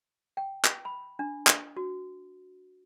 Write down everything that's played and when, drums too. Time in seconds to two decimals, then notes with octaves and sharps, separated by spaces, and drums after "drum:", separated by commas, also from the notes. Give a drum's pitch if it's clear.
0.37 G5
0.65 drum: clap
0.85 B5
1.19 D4
1.47 drum: clap
1.77 F#4